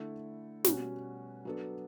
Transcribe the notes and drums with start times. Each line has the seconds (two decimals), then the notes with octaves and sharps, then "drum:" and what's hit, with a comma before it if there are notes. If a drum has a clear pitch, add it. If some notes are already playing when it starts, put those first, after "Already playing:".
Already playing: D3 A3 E4 A4
0.64 B2 G3 C#4 F#4, drum: snare
1.45 F#3 B3 D4 A4